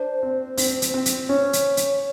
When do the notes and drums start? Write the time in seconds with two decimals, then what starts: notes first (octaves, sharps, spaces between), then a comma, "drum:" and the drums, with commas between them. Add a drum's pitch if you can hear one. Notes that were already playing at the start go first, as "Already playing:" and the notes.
Already playing: D4 C5
0.23 C4
0.57 C4, drum: open hi-hat
0.82 drum: hi-hat
0.94 C4
1.06 drum: hi-hat
1.29 C#4 C#5
1.53 drum: hi-hat
1.77 drum: hi-hat